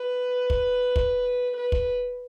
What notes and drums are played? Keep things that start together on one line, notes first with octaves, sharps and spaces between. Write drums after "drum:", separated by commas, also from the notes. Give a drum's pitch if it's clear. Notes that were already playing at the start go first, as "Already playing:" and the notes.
Already playing: B4
drum: kick
drum: kick
B4
drum: kick